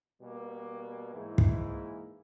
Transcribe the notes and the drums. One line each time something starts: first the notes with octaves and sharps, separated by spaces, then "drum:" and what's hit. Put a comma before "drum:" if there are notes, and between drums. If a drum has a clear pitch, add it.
B2 G3 A#3
G#2 E3 A#3 E4 G#4
drum: kick